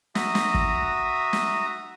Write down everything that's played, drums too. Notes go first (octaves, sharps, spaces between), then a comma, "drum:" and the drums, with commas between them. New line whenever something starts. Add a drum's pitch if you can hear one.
F#4 E5 A#5 D#6, drum: snare
drum: snare
drum: kick
drum: snare